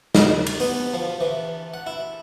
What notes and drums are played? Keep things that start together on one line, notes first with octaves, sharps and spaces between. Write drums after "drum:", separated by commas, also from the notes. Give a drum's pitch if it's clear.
A#4, drum: snare
drum: cymbal
B3, drum: open hi-hat
F3
E3
F#5
E4